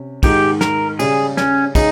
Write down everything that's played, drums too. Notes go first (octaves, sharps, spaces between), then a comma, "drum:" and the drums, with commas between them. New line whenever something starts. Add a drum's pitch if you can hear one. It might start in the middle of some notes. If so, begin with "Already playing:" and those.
Already playing: C3 C#4
G#2 D#3 G#3 D#4 G4, drum: kick, cymbal
A#4, drum: snare
C#3 G3 C#4 G#4, drum: cymbal
C#4, drum: snare
C#3 G#3 C#4 D#4 G#4, drum: kick, cymbal